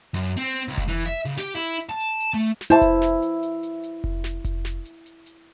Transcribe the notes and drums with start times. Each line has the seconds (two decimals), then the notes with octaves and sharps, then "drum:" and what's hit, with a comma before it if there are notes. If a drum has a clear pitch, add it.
0.14 F#2
0.37 C4, drum: hi-hat
0.57 drum: hi-hat
0.68 C#2
0.78 drum: kick F1, hi-hat
0.88 E3
1.06 E5
1.25 C#3
1.38 G4, drum: snare
1.54 E4
1.79 drum: hi-hat
1.89 A5
2.00 drum: hi-hat
2.20 drum: hi-hat
2.34 A3
2.61 drum: snare
2.70 E4 C5 A5
2.81 drum: kick F1, hi-hat
3.02 drum: snare
3.22 drum: hi-hat
3.43 drum: hi-hat
3.63 drum: hi-hat
3.83 drum: hi-hat
4.04 drum: kick F1
4.24 drum: snare
4.45 drum: kick F1, hi-hat
4.65 drum: snare
4.85 drum: hi-hat
5.06 drum: hi-hat
5.26 drum: hi-hat